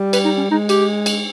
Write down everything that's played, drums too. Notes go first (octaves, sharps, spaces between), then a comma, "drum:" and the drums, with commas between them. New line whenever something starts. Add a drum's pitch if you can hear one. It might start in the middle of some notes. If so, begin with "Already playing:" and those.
Already playing: G3
B4, drum: cymbal
D#4
C#4
G#3 D#4
G4, drum: cymbal
drum: cymbal